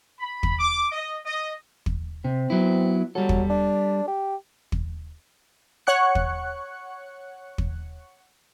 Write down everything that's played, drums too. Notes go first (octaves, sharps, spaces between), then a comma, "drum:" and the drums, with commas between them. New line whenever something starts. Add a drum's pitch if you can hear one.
B5
drum: kick
D6
D#5
D#5
drum: kick
C3 C4
F#3 B3 E4
F#3 G3 A4
drum: kick
D4
G4
drum: kick
C#5 F#5 C#6 F#6 C#7
drum: kick
drum: kick